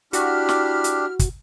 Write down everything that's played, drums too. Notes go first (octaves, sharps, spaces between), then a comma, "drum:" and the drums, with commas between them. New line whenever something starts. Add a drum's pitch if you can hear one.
D4 E4 F#4 G4 B5 F6, drum: hi-hat
drum: snare
drum: hi-hat
drum: kick, hi-hat